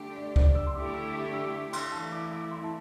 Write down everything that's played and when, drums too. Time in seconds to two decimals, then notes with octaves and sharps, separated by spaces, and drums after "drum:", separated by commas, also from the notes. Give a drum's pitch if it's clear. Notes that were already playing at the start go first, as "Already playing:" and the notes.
Already playing: D3 A3 D4 G4
0.16 D5
0.36 D5, drum: kick C#2
0.55 E6
0.67 C6
0.75 D3 A3 E4 G4 D6
0.94 E6
1.14 D6
1.34 E6
1.54 D6
1.73 C6, drum: cymbal
1.92 E3 A3 E4 A5
2.12 D6
2.32 D6
2.51 C6
2.64 A5